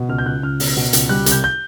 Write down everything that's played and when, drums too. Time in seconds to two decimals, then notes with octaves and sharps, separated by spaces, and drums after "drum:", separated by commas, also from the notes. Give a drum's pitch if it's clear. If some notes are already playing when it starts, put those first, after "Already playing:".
Already playing: B2
0.09 C#2 F6
0.18 G6
0.25 C#2 F#6
0.43 C#2 F6
0.60 B2, drum: open hi-hat
0.77 B2
0.93 C#2, drum: hi-hat
1.09 G3 F#6
1.26 C2, drum: hi-hat
1.32 G6
1.44 G6